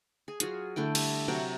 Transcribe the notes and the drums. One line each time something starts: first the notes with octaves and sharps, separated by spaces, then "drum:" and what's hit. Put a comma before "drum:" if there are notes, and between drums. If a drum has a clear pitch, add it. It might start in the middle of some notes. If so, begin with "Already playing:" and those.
G#4
F#3 F4 F#4 G#4, drum: hi-hat
D3 A3 E4 G5
G3 E5, drum: cymbal
C3 F#3 G5 A#5